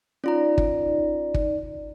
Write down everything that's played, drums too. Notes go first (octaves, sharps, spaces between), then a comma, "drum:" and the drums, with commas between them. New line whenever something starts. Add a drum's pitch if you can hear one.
C#4 D#4 F4 D5 A#5
drum: kick
drum: kick